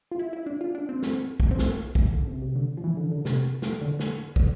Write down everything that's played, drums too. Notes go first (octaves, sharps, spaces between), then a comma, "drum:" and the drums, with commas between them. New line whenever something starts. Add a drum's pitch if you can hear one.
F4
E4
E4
D4
F4
D4
C4
C4, drum: snare
drum: kick
C4
A#3, drum: snare
drum: kick
D3
C3
C3
D3
F3
E3
D3
D3
C3, drum: snare
drum: snare
D3
drum: snare
D3, drum: kick